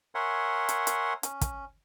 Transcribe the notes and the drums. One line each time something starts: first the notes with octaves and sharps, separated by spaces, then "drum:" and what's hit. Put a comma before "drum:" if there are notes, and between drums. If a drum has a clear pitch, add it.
A#4 C#5 E5 F#5 G#5 C6
drum: hi-hat
drum: hi-hat
C#4, drum: hi-hat
drum: kick, hi-hat